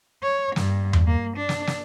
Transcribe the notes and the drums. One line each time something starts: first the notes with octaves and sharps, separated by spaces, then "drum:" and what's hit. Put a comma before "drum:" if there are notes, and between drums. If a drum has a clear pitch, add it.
C#5
G2, drum: snare
drum: tom E2
A#3
D4
drum: snare
drum: snare